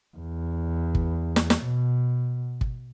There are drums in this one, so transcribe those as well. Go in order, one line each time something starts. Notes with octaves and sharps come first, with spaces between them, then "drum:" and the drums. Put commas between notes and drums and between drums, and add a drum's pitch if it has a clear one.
E2
drum: kick
drum: snare
drum: snare
B2
drum: kick